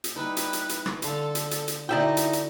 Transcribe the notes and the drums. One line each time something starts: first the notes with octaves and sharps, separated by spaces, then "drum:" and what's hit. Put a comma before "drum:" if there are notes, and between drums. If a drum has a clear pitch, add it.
drum: hi-hat
G3 D#4 E4 B4
drum: hi-hat
drum: hi-hat
drum: hi-hat
drum: rim click
D3 A4 F5 C6, drum: hi-hat
drum: hi-hat
drum: hi-hat
drum: hi-hat
D3 D#4 E4 F#4 D5 E5 G5
drum: hi-hat
drum: hi-hat